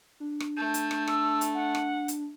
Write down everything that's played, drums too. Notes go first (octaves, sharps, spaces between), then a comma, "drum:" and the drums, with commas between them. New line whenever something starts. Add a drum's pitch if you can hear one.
D4
drum: rim click
A3 G6
drum: hi-hat
drum: rim click
E6, drum: rim click
drum: hi-hat
F#5
drum: rim click
drum: hi-hat